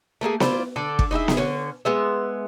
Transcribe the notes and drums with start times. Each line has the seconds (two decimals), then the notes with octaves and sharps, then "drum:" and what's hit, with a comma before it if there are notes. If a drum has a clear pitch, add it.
0.21 A3 A#3 E4 G#4
0.40 E4 F4 C5 D5, drum: snare B3
0.76 D3 A4 D5
0.99 drum: kick
1.11 D#4 E4 G#4 E5
1.28 drum: snare B3
1.37 D3 C#4
1.85 G#3 B3 E5